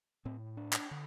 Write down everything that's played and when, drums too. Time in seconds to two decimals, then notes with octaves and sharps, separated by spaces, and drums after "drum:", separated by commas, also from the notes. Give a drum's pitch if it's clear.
0.25 A2 C4
0.57 D4
0.73 drum: clap
0.91 D3